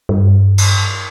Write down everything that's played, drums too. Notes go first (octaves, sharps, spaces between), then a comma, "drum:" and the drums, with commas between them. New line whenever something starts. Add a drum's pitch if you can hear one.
G2
drum: cymbal